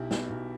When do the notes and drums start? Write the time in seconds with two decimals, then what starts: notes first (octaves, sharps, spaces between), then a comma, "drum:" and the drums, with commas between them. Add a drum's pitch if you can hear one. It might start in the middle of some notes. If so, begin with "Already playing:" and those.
Already playing: B1 E4 G4
0.11 B2, drum: snare
0.30 B1